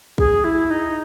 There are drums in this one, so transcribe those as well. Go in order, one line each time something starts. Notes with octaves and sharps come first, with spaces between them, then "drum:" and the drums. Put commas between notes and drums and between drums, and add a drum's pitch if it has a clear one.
G#4, drum: kick B1
E4
D#4